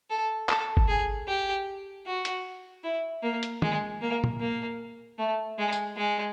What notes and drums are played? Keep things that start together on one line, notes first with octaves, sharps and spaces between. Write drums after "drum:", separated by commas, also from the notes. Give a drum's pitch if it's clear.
A4
A4, drum: clap
drum: kick G1
G#4
G4
F#4
drum: hi-hat
E4
A#3
drum: hi-hat
G#3, drum: tom
A#3
drum: tom A#2
A#3
A3
G#3
drum: tambourine
G#3